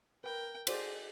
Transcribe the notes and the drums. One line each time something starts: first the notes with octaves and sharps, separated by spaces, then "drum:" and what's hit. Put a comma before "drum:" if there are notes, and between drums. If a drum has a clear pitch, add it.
A#4 B4 G5
F#4 G#4 C5 D5, drum: cymbal